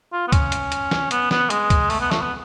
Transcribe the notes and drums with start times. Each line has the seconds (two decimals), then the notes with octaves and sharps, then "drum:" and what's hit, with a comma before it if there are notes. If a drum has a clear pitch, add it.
0.13 F4
0.28 B3
0.32 C#4, drum: kick C#2, hi-hat
0.52 drum: hi-hat
0.72 drum: hi-hat
0.91 drum: snare
1.11 B3, drum: hi-hat
1.31 B3, drum: snare
1.50 G#3, drum: hi-hat
1.70 drum: kick C#2, hi-hat
1.90 A3, drum: open hi-hat
2.00 B3
2.11 A3, drum: snare
2.22 B3